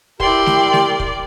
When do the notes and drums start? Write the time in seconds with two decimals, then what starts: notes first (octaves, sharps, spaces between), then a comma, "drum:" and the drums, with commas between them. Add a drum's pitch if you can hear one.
0.20 E4 G4 A#4 D5 C6, drum: kick
0.46 drum: snare A3
0.73 drum: snare A3
0.99 drum: kick